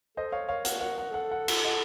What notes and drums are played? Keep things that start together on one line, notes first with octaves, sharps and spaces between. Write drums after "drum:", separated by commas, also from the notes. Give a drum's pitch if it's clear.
A4 C5 D#5
C#5 F5
A#4 C#5 F5
F#5, drum: hi-hat
A#4 F#5
F#5
A4 F#5
F#5
F#5, drum: cymbal
D#5 F#5